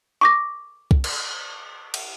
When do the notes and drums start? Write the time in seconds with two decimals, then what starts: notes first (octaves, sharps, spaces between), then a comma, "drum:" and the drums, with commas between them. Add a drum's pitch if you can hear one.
0.21 C#6 D6 A#6
0.91 drum: kick
1.04 drum: cymbal
1.94 drum: cymbal